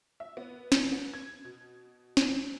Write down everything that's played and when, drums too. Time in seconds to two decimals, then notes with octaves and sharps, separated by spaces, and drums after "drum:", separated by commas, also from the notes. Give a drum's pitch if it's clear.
0.20 E5
0.37 B3
0.72 drum: snare
0.92 B3
1.14 G#6
1.44 B2
2.17 drum: snare
2.28 C4